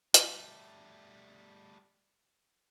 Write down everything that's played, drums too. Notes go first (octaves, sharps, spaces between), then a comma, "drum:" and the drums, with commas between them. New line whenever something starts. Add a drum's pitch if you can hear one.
G3 A3, drum: hi-hat